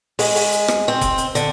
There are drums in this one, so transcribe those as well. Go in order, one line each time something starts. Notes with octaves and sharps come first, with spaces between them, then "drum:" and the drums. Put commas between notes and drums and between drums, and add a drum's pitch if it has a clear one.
G#3, drum: open hi-hat
drum: open hi-hat
drum: hi-hat
drum: rim click
C4
drum: kick F1, hi-hat
drum: hi-hat
D3, drum: hi-hat